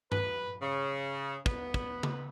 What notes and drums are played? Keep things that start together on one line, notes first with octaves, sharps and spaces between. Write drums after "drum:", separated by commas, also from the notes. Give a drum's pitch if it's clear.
B4, drum: tom G2
C#3
B3, drum: kick
drum: kick
drum: tom C#3